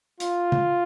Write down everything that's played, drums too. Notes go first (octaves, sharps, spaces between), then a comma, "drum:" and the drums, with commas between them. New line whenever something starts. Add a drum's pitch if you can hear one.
F4, drum: hi-hat
drum: tom